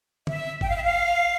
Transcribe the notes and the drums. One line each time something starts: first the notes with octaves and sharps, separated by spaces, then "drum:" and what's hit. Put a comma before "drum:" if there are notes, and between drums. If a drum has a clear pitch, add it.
E5, drum: tom
G5, drum: kick G1
F5
E5
F5